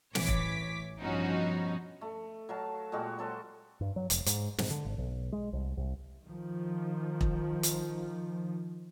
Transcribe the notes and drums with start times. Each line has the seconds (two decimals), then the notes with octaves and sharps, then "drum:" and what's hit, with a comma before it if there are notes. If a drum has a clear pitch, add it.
0.15 A1 E3 C#5 D6 B6, drum: snare
0.28 drum: kick E1
1.01 G2 B2 F3 C#4 D#4 F#4
2.01 A3
2.49 F#3 F5 A5
2.92 A#2 G#3 F#4 G4
3.19 F#3 A4 C5
3.81 G2
3.96 F#3
4.10 F1, drum: hi-hat
4.26 G#2, drum: hi-hat
4.58 G#2, drum: snare
4.71 D3
4.85 G#1
4.98 B1
5.32 G#3
5.53 C2
5.77 C2
6.26 D#3 F3
7.21 drum: kick E1
7.63 drum: hi-hat